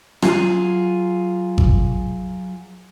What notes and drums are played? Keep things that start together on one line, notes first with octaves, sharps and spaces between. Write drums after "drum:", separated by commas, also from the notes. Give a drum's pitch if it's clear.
F#3 F4 G#4, drum: rim click
drum: kick G#1